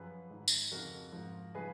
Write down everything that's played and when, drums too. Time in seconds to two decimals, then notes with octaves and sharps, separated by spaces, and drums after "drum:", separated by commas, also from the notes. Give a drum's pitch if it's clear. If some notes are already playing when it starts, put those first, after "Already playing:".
Already playing: F#2 F3 G#4 B4
0.30 G#2 D#3
0.48 drum: tambourine
0.71 F2 C#3 F3 F#4 A#4
1.12 G#2 F3
1.55 C#3 F3 G#4 B4